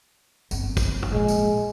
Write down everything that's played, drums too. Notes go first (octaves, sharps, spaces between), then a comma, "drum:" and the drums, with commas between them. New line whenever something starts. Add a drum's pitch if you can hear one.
G1 F2, drum: tambourine
drum: kick, tambourine
drum: tom
A#2 F3 G#3
drum: tambourine